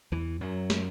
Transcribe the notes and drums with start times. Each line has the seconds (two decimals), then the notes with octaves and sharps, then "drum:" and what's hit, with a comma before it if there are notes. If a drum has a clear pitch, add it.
0.12 E2 E3
0.41 F#2 F#3
0.70 drum: snare